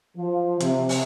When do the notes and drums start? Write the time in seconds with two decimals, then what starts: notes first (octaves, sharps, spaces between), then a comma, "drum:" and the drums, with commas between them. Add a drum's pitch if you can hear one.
0.15 F3
0.60 C3, drum: hi-hat
0.89 drum: open hi-hat